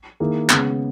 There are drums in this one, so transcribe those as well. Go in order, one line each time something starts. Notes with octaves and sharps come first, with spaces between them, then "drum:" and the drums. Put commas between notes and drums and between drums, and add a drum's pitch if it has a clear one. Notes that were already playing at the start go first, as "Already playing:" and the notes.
D#3 A#3 E4 G#4
C#3 G#3 B3, drum: clap